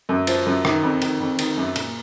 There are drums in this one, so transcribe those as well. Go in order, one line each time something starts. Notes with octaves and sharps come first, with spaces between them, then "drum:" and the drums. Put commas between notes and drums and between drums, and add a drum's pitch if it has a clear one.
F#2
F3, drum: cymbal
F#2
D#3, drum: rim click
F2
D#3, drum: cymbal
F2
D#3, drum: cymbal
F#2
A#2, drum: cymbal